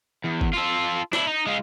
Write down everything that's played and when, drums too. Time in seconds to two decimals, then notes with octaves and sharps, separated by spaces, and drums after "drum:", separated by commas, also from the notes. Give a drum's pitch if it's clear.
0.24 E2
0.41 drum: kick G1
0.53 F4 A4
1.13 D4 E4, drum: snare
1.27 D#4
1.46 G#3 F4